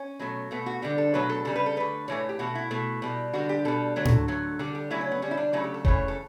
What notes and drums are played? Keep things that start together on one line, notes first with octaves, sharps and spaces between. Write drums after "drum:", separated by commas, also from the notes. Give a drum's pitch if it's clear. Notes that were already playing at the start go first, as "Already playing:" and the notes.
Already playing: C#4
B2 F#3 A3
B2 A3 B3
F#4
D3 G3 G4
A4
B2 F#3 A3 B4
A4
C#3 G3 A4
B4
A4
D3 A3 B4
A2 E3 A3 C#5
G4
B2 A3 F#4
E4
B2 A3
B2 G3
D3 G3 F#4
G4
B2 G3 A4
D3 F#3 A3
drum: tom A2
D3 F#3 A3
D3 G3 A4
G4
C#3 F#3 A3 E4
C#4
B3
D3 G3 C#4
E4
D4
C#3 F#3 A3 E4
G4
A4
C#3 E3 A3 C#5, drum: kick F1
A4